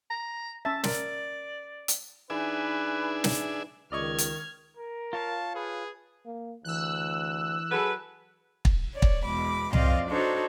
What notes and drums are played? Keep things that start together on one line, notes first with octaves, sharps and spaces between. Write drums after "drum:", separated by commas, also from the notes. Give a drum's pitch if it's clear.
A#5
C#4 E5 A5
A#4 D5, drum: snare
drum: hi-hat
E3 D4 D#4 G#4 B4 E5
drum: snare
C#2 D#3 D5 D#5 C#6 F6 G#6
drum: hi-hat
A#4
F4 C#5 F5 A5
G#4 B4
A#3
D2 E3 E6 F#6
F#3 G#4 A4 B4
drum: kick
C#5 D5
drum: kick
E2 B2 G#3 B5 D6
F2 C4 F4 D5 D#5 F5, drum: tom C2
D4 D#4 F#4 A4 C5 C#5